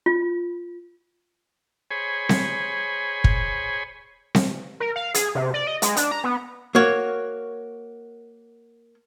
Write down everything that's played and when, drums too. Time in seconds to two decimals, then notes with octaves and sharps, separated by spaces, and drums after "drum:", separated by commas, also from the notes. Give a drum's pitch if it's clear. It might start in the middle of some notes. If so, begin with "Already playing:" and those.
0.06 F4
1.91 G#4 C5 C#5 G#5 B5
2.29 drum: snare C4
3.24 drum: kick
4.35 drum: snare C4
4.80 A#4
4.96 F5
5.14 G#4, drum: hi-hat
5.35 C3
5.54 D5
5.67 D#5
5.82 G#3, drum: hi-hat
5.97 D4, drum: hi-hat
6.11 A#5
6.24 B3
6.75 A#3 F#4 C#5